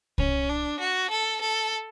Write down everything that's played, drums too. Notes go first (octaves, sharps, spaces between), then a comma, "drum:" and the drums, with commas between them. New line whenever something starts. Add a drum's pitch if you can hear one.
C#4, drum: kick C2
D4
F#4
A4
A4